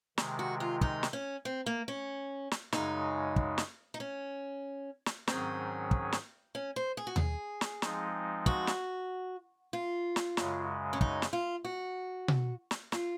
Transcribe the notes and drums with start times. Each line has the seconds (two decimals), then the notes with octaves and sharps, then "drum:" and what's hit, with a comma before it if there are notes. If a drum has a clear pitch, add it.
0.18 C3 D#3 G#3, drum: snare
0.39 F#4
0.60 F4
0.81 D#4, drum: kick
1.03 drum: snare
1.13 C#4
1.45 C4
1.66 A#3
1.88 C#4
2.51 drum: snare
2.72 F#2 C#3 G#3 D#4, drum: snare
3.36 drum: kick
3.58 drum: snare
3.94 D#4
4.00 C#4
5.06 drum: snare
5.27 G#2 D#3 F#3 C4 C#4 G#4, drum: snare
5.91 drum: kick
6.12 drum: snare
6.55 C#4
6.76 C5
6.97 G#4
7.07 F#4
7.16 G#4, drum: tom D#2
7.61 drum: snare
7.82 F3 G#3 C4 D#4, drum: snare
8.46 F#4, drum: kick
8.67 drum: snare
9.73 F4
10.16 drum: snare
10.37 F#2 C#3 G#3, drum: snare
10.93 C#4
11.01 D#4, drum: kick
11.22 drum: snare
11.33 F4
11.65 F#4
12.28 drum: tom B2
12.71 drum: snare
12.92 F4, drum: snare